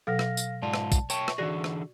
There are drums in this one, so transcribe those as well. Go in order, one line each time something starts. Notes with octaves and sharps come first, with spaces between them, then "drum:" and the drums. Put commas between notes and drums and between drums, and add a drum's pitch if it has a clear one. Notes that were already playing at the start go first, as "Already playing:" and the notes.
B2 F#3 A4 F5 F6 A#6
drum: rim click
drum: tambourine
G#2 F4 D5 A5
drum: rim click
drum: kick, tambourine
C#5 G5 A5 C#6, drum: tambourine
drum: rim click
D3 E3 F#4 G#4 D5 A#6
drum: rim click